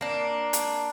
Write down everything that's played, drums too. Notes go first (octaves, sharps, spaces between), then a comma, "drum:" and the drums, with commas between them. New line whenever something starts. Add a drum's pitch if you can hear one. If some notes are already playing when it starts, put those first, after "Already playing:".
A#3 D4
drum: hi-hat